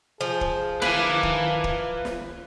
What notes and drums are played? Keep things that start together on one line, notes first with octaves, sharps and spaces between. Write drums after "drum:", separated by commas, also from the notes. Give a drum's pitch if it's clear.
F3 G#4
drum: kick
D4 E4 A#4 B4 F5 G#5, drum: snare
drum: kick
drum: kick
drum: snare